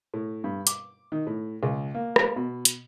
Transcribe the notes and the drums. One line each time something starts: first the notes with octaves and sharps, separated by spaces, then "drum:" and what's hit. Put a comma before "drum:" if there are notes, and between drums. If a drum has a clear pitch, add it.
A2
G2
D6, drum: hi-hat
D#3
A2
C#2
A#3
drum: rim click
B2
drum: hi-hat